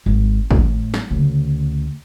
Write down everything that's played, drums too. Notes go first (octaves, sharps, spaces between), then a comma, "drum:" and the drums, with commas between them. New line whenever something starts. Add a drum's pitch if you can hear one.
G#1
A2, drum: kick
drum: snare
D2 C#3